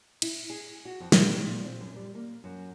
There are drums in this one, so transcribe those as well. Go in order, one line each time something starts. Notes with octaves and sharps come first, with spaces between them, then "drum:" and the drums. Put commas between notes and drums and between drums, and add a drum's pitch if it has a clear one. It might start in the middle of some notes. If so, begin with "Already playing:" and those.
E4, drum: cymbal
G#4
F#4
F2
A#2, drum: snare
A#2
C4
F#2
G3
A#3
F#2